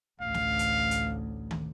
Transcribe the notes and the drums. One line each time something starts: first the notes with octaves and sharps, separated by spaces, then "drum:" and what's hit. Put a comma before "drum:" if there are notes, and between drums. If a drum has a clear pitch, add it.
A1 D2 F5
drum: snare
drum: hi-hat
drum: hi-hat
drum: tom